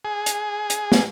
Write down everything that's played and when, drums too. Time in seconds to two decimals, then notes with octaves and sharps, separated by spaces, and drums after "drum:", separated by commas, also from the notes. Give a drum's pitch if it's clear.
0.05 G#4
0.26 drum: hi-hat
0.70 drum: hi-hat
0.92 drum: snare